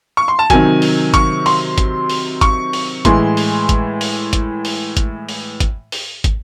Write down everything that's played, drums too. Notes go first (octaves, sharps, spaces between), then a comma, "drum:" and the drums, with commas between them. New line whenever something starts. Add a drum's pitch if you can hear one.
C#6
C6
A5
C3 D#3 F#3 G#5, drum: kick, hi-hat
drum: open hi-hat
C#6, drum: kick, hi-hat
C6, drum: open hi-hat
drum: kick, hi-hat
drum: open hi-hat
C#6, drum: kick, hi-hat
drum: open hi-hat
A2 E3 G#3 C6, drum: kick, hi-hat
drum: open hi-hat
drum: kick, hi-hat
drum: open hi-hat
drum: kick, hi-hat
drum: open hi-hat
drum: kick, hi-hat
drum: open hi-hat
drum: kick, hi-hat
drum: open hi-hat
drum: kick, hi-hat